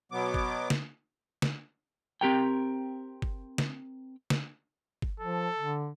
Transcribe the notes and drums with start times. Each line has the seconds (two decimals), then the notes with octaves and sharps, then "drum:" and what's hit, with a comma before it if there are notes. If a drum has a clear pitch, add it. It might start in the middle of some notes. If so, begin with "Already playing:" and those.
0.12 B2 F#3 B3 D6
0.34 drum: kick G1
0.70 drum: snare
1.42 drum: snare
2.21 C4 G4 A#4 G5
3.22 drum: kick G1
3.58 drum: snare
4.30 drum: snare
5.02 drum: kick G1
5.20 F3 A4
5.58 D3